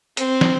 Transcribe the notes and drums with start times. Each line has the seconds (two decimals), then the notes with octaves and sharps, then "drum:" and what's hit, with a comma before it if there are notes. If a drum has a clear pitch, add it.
0.17 C4, drum: hi-hat
0.41 drum: snare